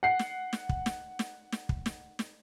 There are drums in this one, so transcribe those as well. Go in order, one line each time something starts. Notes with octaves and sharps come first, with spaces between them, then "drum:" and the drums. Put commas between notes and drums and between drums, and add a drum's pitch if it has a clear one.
F#5 C7
drum: snare
drum: snare
drum: kick
drum: snare
drum: snare
drum: snare
drum: kick
drum: snare
drum: snare